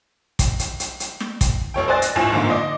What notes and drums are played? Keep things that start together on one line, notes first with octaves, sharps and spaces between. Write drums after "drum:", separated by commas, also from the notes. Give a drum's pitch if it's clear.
drum: kick, hi-hat
drum: hi-hat
drum: hi-hat
drum: hi-hat
drum: snare
drum: kick, hi-hat
F1 C#5 G5
C5 D5 D#5 G#5 F#6 A6
A#6, drum: hi-hat
G#1 D2 A2 F4 G#5 E7
G#2 D3 F3 A#3
D5 D#5 D6